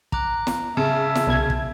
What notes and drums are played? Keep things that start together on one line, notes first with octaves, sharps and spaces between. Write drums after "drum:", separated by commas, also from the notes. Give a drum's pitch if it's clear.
A#5 D6 F#6, drum: kick
drum: snare
C#3 E5 A5
drum: snare
C2 B2 G#6
drum: kick